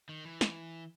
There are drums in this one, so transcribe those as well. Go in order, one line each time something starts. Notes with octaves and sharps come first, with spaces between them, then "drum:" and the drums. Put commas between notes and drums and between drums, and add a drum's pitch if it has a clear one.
D#3
E3
drum: snare